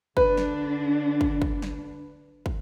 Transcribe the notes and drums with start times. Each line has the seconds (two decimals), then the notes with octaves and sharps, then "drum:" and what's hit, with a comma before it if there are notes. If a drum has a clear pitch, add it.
0.17 D3 D4 B4, drum: kick
0.37 drum: snare
1.21 drum: kick
1.42 drum: kick
1.62 drum: snare
2.46 drum: kick